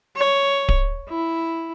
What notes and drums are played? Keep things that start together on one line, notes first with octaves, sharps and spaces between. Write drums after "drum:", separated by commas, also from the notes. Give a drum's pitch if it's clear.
C#5
drum: kick D1
E4